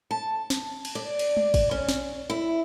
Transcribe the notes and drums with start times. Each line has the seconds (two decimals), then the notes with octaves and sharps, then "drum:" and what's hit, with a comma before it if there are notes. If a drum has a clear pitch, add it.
0.11 A5
0.50 drum: snare
0.85 drum: cymbal
0.95 D5
1.19 drum: cymbal
1.37 drum: tom G#3
1.54 drum: kick G#1, cymbal
1.71 C#4
1.88 drum: snare
2.30 E4